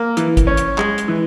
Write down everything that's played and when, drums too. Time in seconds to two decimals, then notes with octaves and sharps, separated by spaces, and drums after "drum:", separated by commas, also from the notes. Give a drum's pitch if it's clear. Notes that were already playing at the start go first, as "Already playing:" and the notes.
Already playing: A#3
0.17 E3, drum: hi-hat
0.37 drum: kick, hi-hat
0.47 C#4
0.57 drum: hi-hat
0.78 G#3, drum: clap
0.98 drum: hi-hat
1.08 E3